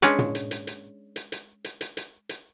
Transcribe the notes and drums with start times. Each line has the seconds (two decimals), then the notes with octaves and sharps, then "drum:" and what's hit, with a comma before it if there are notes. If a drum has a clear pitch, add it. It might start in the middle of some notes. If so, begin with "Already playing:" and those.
0.02 G#3 C#4 D4 B4, drum: hi-hat
0.19 drum: tom
0.35 drum: hi-hat
0.51 drum: hi-hat
0.67 drum: hi-hat
1.16 drum: hi-hat
1.32 drum: hi-hat
1.64 drum: hi-hat
1.81 drum: hi-hat
1.97 drum: hi-hat
2.29 drum: hi-hat